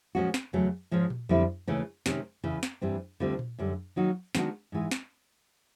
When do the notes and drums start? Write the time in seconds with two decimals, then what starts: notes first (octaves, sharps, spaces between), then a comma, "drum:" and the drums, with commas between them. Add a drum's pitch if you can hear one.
0.15 A#2 F3 G#3 C#4 F#4
0.34 drum: snare
0.53 E2 C#3 F#3 A3
0.91 G#2 F3 G#3 C#4
1.10 drum: tom A#2
1.29 F2 D3 G3 C4 E4
1.67 D#2 C#3 E3 A3 C#4
2.06 C3 D#3 G#3 C#4, drum: snare
2.43 E2 C#3 E3
2.63 drum: snare
2.81 G2 E3 G3 C4
3.20 D2 D3 G3 C4 F4
3.39 drum: tom A#2
3.59 F#2 D3 G3
3.96 D#3 F#3 A#3 D#4 F#4
4.35 D#3 G#3 B3 D4 F#4, drum: snare
4.72 G#2 E3 G#3
4.91 drum: snare